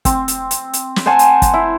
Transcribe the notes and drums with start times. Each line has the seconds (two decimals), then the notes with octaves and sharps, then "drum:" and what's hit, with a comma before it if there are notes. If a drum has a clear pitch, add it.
0.05 C4, drum: kick, hi-hat
0.28 drum: hi-hat
0.51 drum: hi-hat
0.73 drum: hi-hat
0.96 drum: snare
1.06 C5 F#5 G#5 A5
1.19 drum: hi-hat
1.42 drum: kick, hi-hat
1.54 E4